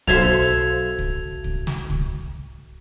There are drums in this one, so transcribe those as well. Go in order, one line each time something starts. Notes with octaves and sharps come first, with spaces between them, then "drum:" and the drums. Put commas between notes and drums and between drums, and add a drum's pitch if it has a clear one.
B1 F#4 A4 C5 E5 F5 G#6 F7, drum: kick
drum: kick
drum: kick
drum: snare
drum: kick